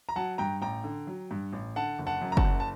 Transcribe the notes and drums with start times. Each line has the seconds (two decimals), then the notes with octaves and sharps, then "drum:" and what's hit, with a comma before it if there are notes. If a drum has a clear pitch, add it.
0.09 A#5
0.16 F#3 F#5 A5
0.38 G2 G5 A#5
0.62 A1 G5 A#5
0.84 D3
1.07 F#3
1.31 G2
1.53 A1
1.76 D3 F#5 A5
1.99 F#1
2.07 F#5 A5
2.21 F#2
2.32 A#5
2.37 F#5 A5, drum: kick F#1
2.44 F#1
2.60 A5